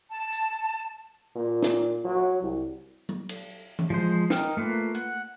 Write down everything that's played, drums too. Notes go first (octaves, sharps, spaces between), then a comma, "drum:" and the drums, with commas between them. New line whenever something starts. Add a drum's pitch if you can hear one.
A5
drum: tambourine
A#2
drum: snare
F#3
C2
drum: tom F#3
drum: cymbal
drum: tom E3
F3 G#3 C5
D#4 A#4 G5 F6, drum: snare
A3 A#3 F4 B4
F#5, drum: hi-hat